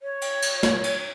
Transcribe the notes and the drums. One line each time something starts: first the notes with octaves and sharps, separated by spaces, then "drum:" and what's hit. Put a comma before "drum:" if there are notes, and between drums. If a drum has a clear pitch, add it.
C#5
drum: cymbal
drum: cymbal
drum: snare
drum: cymbal